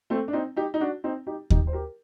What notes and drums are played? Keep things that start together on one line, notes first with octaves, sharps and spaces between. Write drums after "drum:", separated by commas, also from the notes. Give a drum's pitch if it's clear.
A3 C4
D4
C4 D#4
D#4 G4
D#4
D4 F#4
C4 D#4
D#4 G4
D#4 G4, drum: kick D#2
C5
G4 A#4